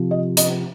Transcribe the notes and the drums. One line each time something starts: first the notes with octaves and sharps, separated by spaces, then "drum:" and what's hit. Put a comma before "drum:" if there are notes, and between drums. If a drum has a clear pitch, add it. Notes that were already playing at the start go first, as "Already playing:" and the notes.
Already playing: C3 F3
D#5
D#5, drum: hi-hat